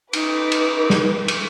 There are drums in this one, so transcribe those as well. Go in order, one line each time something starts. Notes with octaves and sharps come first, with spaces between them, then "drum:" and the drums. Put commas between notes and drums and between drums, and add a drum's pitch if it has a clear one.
D#4 B4 D6, drum: cymbal
drum: cymbal
drum: snare
drum: cymbal